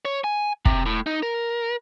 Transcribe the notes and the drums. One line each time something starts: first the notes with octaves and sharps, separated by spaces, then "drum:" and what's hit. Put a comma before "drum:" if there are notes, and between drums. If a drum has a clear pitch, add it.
C#5
G#5
C3, drum: kick
A2
D#4
A#4